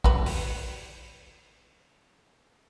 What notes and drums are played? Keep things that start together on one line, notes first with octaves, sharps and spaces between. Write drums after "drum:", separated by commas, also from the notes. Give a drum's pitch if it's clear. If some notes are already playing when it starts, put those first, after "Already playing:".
F#4 G4 B4, drum: kick
drum: open hi-hat